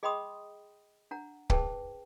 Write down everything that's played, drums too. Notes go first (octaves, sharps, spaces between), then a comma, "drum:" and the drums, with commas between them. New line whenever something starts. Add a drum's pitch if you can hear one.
G#4 D#5 G5 B5 C6 D#6
D4 F#5 A#5
G#4 B4 C5 G5 A5, drum: kick C#1